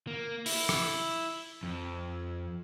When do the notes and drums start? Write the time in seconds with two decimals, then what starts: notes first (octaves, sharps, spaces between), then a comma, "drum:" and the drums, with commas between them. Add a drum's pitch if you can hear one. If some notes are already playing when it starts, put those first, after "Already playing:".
0.07 A#3
0.46 E4, drum: open hi-hat
0.69 drum: rim click
1.63 F2